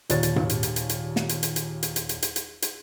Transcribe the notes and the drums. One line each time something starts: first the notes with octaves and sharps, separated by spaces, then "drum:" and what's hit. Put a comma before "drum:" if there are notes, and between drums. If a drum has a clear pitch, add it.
D#2 A#2 C#5 A6, drum: hi-hat
drum: hi-hat
drum: tom G#2
drum: hi-hat
drum: hi-hat
drum: hi-hat
drum: hi-hat
drum: snare
drum: hi-hat
drum: hi-hat
drum: hi-hat
drum: hi-hat
drum: hi-hat
drum: hi-hat
drum: hi-hat
drum: hi-hat
drum: hi-hat